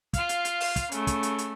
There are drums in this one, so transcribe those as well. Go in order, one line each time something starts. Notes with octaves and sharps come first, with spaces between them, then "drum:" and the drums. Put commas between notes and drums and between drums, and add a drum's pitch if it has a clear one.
F4 F5, drum: kick, hi-hat
drum: hi-hat
drum: hi-hat
drum: open hi-hat
drum: kick, hi-hat
C#3 A3, drum: hi-hat
drum: kick, hi-hat
drum: hi-hat
drum: hi-hat